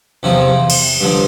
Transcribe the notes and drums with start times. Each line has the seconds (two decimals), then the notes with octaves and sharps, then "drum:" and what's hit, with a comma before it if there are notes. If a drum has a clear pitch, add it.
0.23 E2 C3 F3 C4 F4
0.70 drum: cymbal
1.00 G2 D3 F3